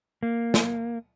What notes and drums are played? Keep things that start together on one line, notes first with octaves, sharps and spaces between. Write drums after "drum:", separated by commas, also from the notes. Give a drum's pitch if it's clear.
A#3
drum: snare